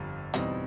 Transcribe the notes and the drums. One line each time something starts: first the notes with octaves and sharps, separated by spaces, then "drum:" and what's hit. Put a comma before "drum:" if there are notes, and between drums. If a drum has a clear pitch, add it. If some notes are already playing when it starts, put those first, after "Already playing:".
Already playing: G1 F2 D3 G3
E2 B2 G3 C4 D#4, drum: hi-hat